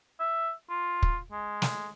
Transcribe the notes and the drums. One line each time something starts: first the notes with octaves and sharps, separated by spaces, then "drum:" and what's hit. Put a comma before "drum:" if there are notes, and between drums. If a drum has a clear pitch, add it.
E5
F4
drum: kick
G#3
drum: snare